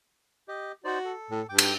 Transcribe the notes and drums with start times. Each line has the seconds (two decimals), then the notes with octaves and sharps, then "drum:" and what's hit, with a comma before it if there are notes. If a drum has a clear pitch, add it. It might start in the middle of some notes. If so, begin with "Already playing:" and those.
0.48 G4 D#5
0.84 D#4 F#4 C5 D5
1.05 A4
1.31 A2
1.49 G2 G5 D6
1.58 drum: cymbal